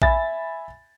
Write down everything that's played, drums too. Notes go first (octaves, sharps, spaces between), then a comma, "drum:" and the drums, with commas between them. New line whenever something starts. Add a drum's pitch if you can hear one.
E5 G#5 B5 A6, drum: kick A#1